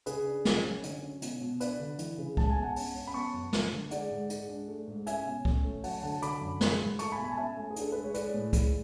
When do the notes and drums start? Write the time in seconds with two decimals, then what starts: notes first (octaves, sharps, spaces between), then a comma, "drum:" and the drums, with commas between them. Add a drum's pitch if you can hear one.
0.06 C#3 G#4 B4, drum: hi-hat
0.26 D4
0.45 C#4, drum: snare
0.64 F#3
0.83 D3, drum: hi-hat
1.03 C#4
1.22 B2, drum: hi-hat
1.41 B2
1.60 D4 B4 D5, drum: hi-hat
1.80 D3
1.99 E3, drum: hi-hat
2.18 C#3
2.37 G#2 A5, drum: kick C#2
2.50 G#5
2.57 B3
2.63 F#5 A5
2.76 C#4, drum: open hi-hat
2.95 C#4
3.07 B5
3.14 B3 A5 C#6
3.34 F#2
3.53 A3, drum: snare
3.72 D3
3.91 G#3 D5 F#5, drum: hi-hat
4.11 G#2
4.30 G#3, drum: hi-hat
4.49 D4
4.68 A3
4.87 G#2
5.07 C#4 E5 G#5, drum: hi-hat
5.26 B2
5.45 C#4, drum: kick C#2
5.64 A3
5.84 F#3 F#5 A5, drum: open hi-hat
6.03 D3 F#5 A5
6.22 D3 B5 D6, drum: hi-hat
6.41 F#2
6.61 G#3, drum: snare
6.80 G#2
6.99 A3 A5 C#6, drum: hi-hat
7.12 G#5 B5
7.19 B2
7.24 G#5 B5
7.32 A5
7.37 C#4 E5 G#5
7.57 A3
7.70 G#4
7.76 D4, drum: hi-hat
7.82 A4
7.92 G#3 B4
8.04 C#5
8.14 G#3 B4 D5, drum: hi-hat
8.34 A2
8.53 G#3, drum: kick C#2, hi-hat